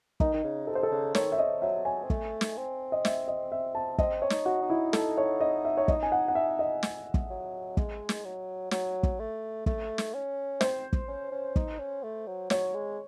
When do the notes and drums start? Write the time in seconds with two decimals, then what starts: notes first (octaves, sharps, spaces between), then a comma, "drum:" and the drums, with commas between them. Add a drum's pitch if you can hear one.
0.20 D#3 D#4, drum: kick
0.34 D#3
0.44 C#3
0.67 C3 A4
0.75 C5
0.83 A4
0.91 C#3
1.15 D#3 C#5, drum: snare
1.32 E5
1.39 D#5
1.62 F#3 E5
1.85 F#3 G#5
2.04 C4
2.10 A3, drum: kick
2.41 drum: snare
2.57 C4
2.92 D#5
3.05 E5, drum: snare
3.28 D#5
3.52 E5
3.75 A5
3.99 C4 D#5, drum: kick
4.22 C#5
4.30 D#4, drum: snare
4.46 F#4
4.62 D#4
4.70 E4
4.93 A4, drum: snare
5.18 C#5
5.40 D#5
5.65 E5
5.77 C#5
5.88 D#5, drum: kick
6.03 G#5
6.12 F#5
6.28 F#5
6.35 E5
6.59 D#5
6.83 drum: snare
7.14 drum: kick
7.30 F#3
7.77 G#3, drum: kick
8.09 drum: snare
8.25 F#3
8.71 F#3, drum: snare
9.03 drum: kick
9.19 A3
9.66 A3, drum: kick
9.98 drum: snare
10.14 C#4
10.61 C4 C5, drum: snare
10.93 drum: kick
11.08 C#4
11.32 C#4
11.56 D#4, drum: kick
11.79 C#4
12.03 A3
12.27 F#3
12.50 F#3 C#5, drum: snare
12.74 G#3